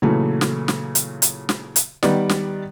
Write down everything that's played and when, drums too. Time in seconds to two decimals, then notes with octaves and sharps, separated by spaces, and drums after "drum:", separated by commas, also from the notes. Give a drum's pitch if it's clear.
0.02 A#2 C#3 E3 F#3 A3
0.41 drum: snare
0.68 drum: snare
0.95 drum: hi-hat
1.22 drum: hi-hat
1.49 drum: snare
1.76 drum: hi-hat
2.03 D#3 G3 B3 D5, drum: snare
2.29 drum: snare